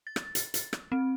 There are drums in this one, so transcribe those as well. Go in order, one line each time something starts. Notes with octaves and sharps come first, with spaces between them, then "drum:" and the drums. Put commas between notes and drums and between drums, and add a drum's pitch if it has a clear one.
A6
drum: rim click
drum: hi-hat
drum: hi-hat
drum: rim click
C4